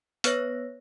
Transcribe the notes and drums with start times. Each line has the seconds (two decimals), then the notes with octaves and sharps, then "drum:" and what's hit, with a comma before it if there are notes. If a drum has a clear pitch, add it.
0.24 B3 B4 C#5 A#6, drum: hi-hat